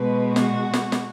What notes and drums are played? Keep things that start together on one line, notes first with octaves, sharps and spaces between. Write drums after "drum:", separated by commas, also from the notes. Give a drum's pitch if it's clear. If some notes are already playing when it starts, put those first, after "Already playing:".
Already playing: B2 G#3 B4
F#4, drum: snare
drum: snare
drum: snare